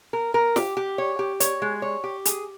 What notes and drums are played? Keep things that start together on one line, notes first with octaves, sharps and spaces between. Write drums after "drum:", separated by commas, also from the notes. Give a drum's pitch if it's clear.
A#4
A#4
G4, drum: snare
G4
C#5
G4
C#5, drum: hi-hat
G#3
C#5
G4
G#4, drum: hi-hat